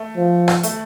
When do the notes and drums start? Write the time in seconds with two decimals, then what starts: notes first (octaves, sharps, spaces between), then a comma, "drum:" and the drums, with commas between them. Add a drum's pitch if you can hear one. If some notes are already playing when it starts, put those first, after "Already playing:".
Already playing: A3
0.16 F3
0.48 drum: rim click
0.63 A3, drum: hi-hat